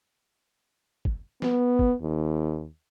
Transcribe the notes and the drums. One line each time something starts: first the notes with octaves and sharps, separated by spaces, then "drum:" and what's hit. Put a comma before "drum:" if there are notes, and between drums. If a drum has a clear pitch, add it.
drum: kick
B3, drum: snare
drum: kick
D#2